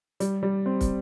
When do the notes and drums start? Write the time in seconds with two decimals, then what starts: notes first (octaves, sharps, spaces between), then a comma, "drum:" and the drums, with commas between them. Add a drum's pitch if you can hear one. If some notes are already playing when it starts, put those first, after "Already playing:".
0.20 G3, drum: hi-hat
0.43 G3
0.66 C4
0.81 drum: kick, hi-hat